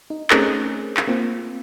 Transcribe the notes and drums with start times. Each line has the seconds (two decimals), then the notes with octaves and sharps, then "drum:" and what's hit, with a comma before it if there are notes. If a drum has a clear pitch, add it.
0.10 D#4
0.30 A3 C4 C#4 D#4 G#4 A#4, drum: clap
0.97 drum: clap
1.08 A#3 C4 F4